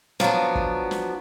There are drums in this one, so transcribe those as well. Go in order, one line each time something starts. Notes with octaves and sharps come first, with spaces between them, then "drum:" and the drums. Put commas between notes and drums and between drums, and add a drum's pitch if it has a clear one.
F3 F#3 B3 D4, drum: snare
drum: kick
drum: snare